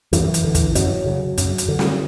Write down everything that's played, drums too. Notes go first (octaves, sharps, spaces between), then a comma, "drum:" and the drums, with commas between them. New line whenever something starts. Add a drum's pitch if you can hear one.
F#2 E3, drum: hi-hat
drum: hi-hat
D3
drum: kick, hi-hat
F#2 F#3, drum: hi-hat
C#3
F#2, drum: hi-hat
drum: hi-hat
D3
drum: snare